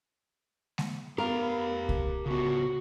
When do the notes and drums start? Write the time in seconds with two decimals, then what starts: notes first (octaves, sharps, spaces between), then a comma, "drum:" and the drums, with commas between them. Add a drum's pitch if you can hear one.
0.78 drum: snare G#3
1.18 B3 G4 A#4 F5
1.89 drum: kick C2
2.26 C#3 B3 F#4